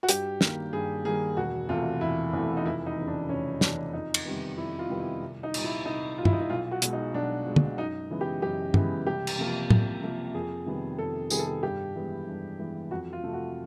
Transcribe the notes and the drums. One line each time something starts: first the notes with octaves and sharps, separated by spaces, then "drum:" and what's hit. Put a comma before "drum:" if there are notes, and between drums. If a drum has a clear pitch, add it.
F#4
G2 G4, drum: hi-hat
D#3 G3 A#3, drum: snare
G2 G#4
D#3 G3 A#3 G#4
E1 F#4
E2 C3 E3 A3 F4
E1 E4
E2 C3 E3 A3
D#4
F1 E4
D#4
E2 C#3
D4
F1 C#4
E2 C#3 D4, drum: snare
F2 D#4
drum: cymbal
C3 D#3 G3 B3
F2 E4
F4
C3 D#3 G3 B3
E4
C2
D#4
A#2 G3, drum: cymbal
E4
C2 D#4
A#2 G3 F4
E4, drum: tom G2
D#4
E4
B1 F4
F#4
B2 G#3, drum: hi-hat
D#4
B1 D4
B2 G#3
drum: tom
F#2 D#4
C#3 E3 G#3 B3
G4
F#2 G4
C#3 E3 G#3 B3, drum: tom G2
C2 G4
drum: cymbal
C3 F3 A#3
C2, drum: tom A2
C3 F3 A#3
F2 G#4
C3 D#3 G3 B3
F2 A4
C3 D#3 G3 B3 G#4, drum: tambourine
A4
G#4
G2 G4
E3 G#3 B3
G2
E3 G#3 B3
F2 F#4
F4
C3 F3 A3
F#4